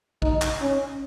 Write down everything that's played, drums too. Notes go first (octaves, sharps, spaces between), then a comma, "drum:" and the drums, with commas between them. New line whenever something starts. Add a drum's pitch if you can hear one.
D#4, drum: kick A#1
drum: clap
C#4